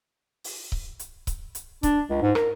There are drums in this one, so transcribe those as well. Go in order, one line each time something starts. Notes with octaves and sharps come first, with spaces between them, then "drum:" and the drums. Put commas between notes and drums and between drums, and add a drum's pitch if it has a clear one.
drum: open hi-hat
drum: kick C#1
drum: hi-hat
drum: kick C#1, hi-hat
drum: hi-hat
D4, drum: kick C#1, hi-hat
C#2
G#2
A#4, drum: rim click